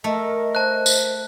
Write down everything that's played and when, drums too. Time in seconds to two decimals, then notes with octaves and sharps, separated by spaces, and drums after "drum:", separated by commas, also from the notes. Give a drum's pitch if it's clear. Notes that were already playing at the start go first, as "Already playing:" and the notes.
0.04 A3 A#4 D#5
0.55 C5 A5 F#6
0.86 drum: tambourine